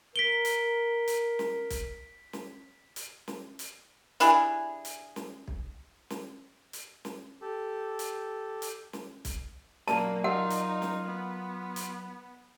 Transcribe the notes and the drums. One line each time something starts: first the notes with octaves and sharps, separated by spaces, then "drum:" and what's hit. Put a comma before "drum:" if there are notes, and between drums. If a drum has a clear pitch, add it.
A#4 B6 D7 G7
drum: hi-hat
drum: hi-hat
drum: snare
drum: kick, hi-hat
drum: snare
drum: hi-hat
drum: snare
drum: hi-hat
D4 E4 G4 G#4, drum: hi-hat
drum: hi-hat
drum: snare
drum: kick
drum: snare
drum: hi-hat
drum: snare
G4 A4
drum: hi-hat
drum: hi-hat
drum: snare
drum: kick, hi-hat
F#3 A#3 A#4 D5 A5, drum: snare
D#4 F4 F#5
drum: hi-hat
drum: snare
B3
drum: hi-hat